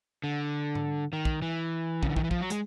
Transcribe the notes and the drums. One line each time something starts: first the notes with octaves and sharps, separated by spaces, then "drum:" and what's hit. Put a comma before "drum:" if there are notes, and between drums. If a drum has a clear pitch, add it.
D3
drum: tom G#2
D#3
drum: kick
E3
C#3, drum: kick
D3
D#3, drum: kick
E3
F3, drum: kick
F#3
G#3, drum: hi-hat